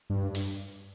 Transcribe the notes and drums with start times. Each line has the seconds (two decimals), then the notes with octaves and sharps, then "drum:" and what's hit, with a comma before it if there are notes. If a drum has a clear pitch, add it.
0.10 G2
0.35 drum: hi-hat